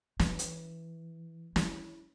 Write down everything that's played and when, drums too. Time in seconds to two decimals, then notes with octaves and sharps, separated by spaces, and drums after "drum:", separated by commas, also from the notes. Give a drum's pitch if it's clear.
0.19 E3, drum: snare
0.39 drum: hi-hat
1.56 E4, drum: snare